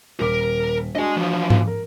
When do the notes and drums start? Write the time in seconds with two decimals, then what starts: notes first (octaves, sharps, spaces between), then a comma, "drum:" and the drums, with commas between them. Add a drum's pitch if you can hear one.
0.20 D#1 A#4 D6 B6
0.95 D4 F#4 D#5 G#5
1.17 E3 F3
1.50 drum: tom G#2
1.68 A#4